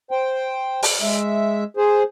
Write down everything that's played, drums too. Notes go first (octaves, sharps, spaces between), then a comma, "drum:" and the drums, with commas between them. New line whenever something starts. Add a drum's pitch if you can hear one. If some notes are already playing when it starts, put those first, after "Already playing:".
C5 G5
drum: open hi-hat
G#3 E5
G#4 C5